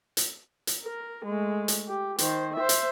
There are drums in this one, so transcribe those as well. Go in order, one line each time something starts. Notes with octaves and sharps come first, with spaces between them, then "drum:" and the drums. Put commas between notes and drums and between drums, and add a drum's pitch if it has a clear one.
drum: hi-hat
drum: hi-hat
A#4
G#3 A3
drum: hi-hat
G4
D#3 C5, drum: hi-hat
C5 E5
drum: hi-hat